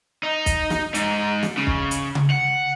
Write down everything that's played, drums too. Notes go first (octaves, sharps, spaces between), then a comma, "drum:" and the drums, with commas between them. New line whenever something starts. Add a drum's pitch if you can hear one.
D#4
drum: kick, hi-hat
drum: snare
G#2 D#4, drum: hi-hat
drum: snare
C#3
drum: kick
drum: hi-hat
drum: tom C#3
F#5